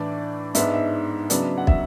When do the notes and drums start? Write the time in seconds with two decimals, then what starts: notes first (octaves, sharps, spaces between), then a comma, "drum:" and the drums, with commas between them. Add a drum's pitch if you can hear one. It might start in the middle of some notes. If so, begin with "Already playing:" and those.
Already playing: A2 E3 A3 D4 D5
0.55 G#2 G#3 B3 D4 E5, drum: hi-hat
0.74 E5
1.30 C#3 F#3 B3 D4, drum: hi-hat
1.58 F#5
1.67 E5, drum: kick